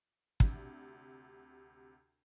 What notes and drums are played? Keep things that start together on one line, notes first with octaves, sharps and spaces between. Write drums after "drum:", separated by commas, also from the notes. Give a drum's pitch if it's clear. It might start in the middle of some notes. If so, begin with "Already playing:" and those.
D2 C3, drum: kick